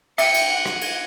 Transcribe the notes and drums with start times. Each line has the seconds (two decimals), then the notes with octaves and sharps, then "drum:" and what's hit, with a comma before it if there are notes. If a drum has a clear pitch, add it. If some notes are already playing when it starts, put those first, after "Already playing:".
0.18 E5 G5 C#7, drum: cymbal
0.34 drum: cymbal
0.51 F#5
0.66 drum: rim click
0.81 drum: cymbal